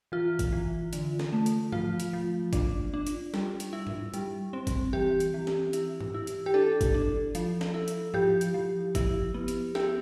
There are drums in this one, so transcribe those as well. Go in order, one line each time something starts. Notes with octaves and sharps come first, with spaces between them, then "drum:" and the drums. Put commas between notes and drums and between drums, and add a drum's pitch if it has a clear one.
E3 F4
drum: kick G1, hi-hat
E3
D3, drum: hi-hat
drum: snare
A3
drum: hi-hat
F3 F4, drum: tom G#2
drum: hi-hat
F3
D4, drum: kick G1, hi-hat
D4
drum: hi-hat
G3, drum: snare
drum: hi-hat
E4
drum: tom G#2
G3, drum: hi-hat
C4
drum: kick G1, hi-hat
E3 G4
drum: hi-hat
E3
drum: snare
E4, drum: hi-hat
drum: tom G#2
E4
drum: hi-hat
G4
D4 A4
drum: kick G1, hi-hat
D4
F3, drum: hi-hat
drum: snare
E4
drum: hi-hat
F3 G4, drum: tom G#2
drum: hi-hat
F3
E4, drum: kick G1, hi-hat
B3
drum: hi-hat
E4 G4, drum: snare